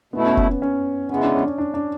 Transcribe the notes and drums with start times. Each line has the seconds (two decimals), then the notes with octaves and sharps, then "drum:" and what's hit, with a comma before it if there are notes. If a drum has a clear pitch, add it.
0.13 B2 A3 B3 E4
0.25 C#4
0.37 C#4, drum: kick F1
0.49 B3
0.62 C#4
1.09 C#3 E3 G#3 B3 C#4
1.23 D4
1.34 C#4
1.47 C#4
1.58 D4
1.74 D4